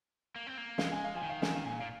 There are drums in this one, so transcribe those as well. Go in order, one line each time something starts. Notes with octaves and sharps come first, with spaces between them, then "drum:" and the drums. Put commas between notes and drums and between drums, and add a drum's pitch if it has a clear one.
A#3
C4
A#3
G#3 F5, drum: snare
G#5
F5
F3 G#5
D#3
F5
G#5, drum: snare
F5
A#2 G#5
A#2 F5